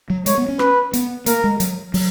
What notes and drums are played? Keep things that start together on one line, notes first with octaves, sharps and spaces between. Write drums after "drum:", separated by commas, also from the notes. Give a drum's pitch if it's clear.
F#3
G#3 C#5, drum: hi-hat
B3
C#4
B4, drum: rim click
B3, drum: hi-hat
A#3 A#4, drum: hi-hat
G#3
F#3, drum: hi-hat
F#3, drum: open hi-hat